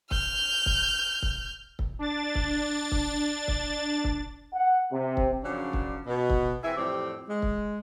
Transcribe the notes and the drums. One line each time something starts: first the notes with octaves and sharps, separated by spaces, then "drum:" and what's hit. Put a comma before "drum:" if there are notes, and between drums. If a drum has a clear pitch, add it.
F6 G6, drum: kick
drum: kick
drum: kick
drum: kick
D4 A6
drum: kick
drum: kick
drum: kick
drum: kick
F#5
C3
drum: kick
F#2 C#3 F3 F#3 D4
drum: kick
B2
drum: kick
E3 C4 E4 G#4 E5
F2 A2 E3 G3 C4 G4
G#3
drum: kick